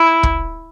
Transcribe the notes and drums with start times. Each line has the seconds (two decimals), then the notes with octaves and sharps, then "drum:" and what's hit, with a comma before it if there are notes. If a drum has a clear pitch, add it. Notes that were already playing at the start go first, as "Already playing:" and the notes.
Already playing: E4
0.23 drum: kick